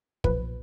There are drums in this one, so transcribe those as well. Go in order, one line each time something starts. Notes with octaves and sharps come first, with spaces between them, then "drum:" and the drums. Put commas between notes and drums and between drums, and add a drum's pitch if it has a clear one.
B1 A#2 F3 B4, drum: kick